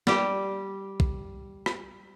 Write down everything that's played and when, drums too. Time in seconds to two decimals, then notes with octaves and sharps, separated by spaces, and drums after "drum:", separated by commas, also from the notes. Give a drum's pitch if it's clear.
0.07 G3 G4, drum: snare
1.00 drum: kick
1.66 drum: rim click